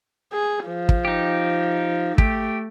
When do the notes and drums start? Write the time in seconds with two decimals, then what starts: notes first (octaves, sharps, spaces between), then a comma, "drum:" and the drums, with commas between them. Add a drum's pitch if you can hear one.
0.32 G#4
0.66 F3
0.89 drum: kick
1.05 D#4 G4
2.18 A3 G4, drum: kick